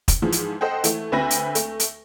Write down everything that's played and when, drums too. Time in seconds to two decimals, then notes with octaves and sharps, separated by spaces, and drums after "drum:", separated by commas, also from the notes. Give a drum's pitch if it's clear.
0.08 drum: kick, hi-hat
0.22 G#2 E3 F3
0.32 drum: hi-hat
0.61 A4 C5 D#5 F#5 G5
0.84 E3 A3, drum: hi-hat
1.12 D2 C4 B4 E5 B5 A#6
1.30 drum: hi-hat
1.55 A3, drum: hi-hat
1.80 drum: hi-hat